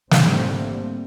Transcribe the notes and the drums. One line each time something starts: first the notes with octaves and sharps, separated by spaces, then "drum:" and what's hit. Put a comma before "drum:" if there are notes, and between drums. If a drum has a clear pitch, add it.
G#2 D3 G3 A3 A#3 C4, drum: snare